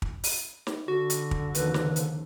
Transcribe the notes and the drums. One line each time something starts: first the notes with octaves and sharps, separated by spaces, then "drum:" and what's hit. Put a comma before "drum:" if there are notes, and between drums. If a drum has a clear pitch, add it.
drum: kick
drum: open hi-hat
drum: snare
D3 F#4
drum: hi-hat
drum: kick
D#2 C#3 F3 B4, drum: hi-hat
drum: snare
drum: hi-hat